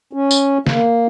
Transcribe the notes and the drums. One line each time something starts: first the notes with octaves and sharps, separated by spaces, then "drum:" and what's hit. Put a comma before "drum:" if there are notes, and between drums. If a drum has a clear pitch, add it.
C#4
drum: tambourine
A#3, drum: snare